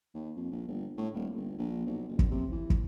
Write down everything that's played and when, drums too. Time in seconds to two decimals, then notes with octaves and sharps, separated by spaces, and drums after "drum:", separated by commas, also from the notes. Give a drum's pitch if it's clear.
0.14 D#2
0.36 F2
0.51 A#1
0.68 G1
0.98 A2
1.14 D#1
1.35 G1
1.58 A#1
1.86 B1
2.09 F#1
2.19 drum: kick
2.31 C3
2.52 E3
2.70 drum: kick